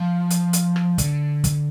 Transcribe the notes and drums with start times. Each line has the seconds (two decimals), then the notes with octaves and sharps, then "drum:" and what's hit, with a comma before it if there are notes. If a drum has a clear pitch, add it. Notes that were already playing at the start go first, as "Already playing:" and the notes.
Already playing: F3
0.30 drum: hi-hat
0.53 drum: hi-hat
0.76 drum: rim click
0.98 D3, drum: kick, hi-hat
1.44 drum: kick, hi-hat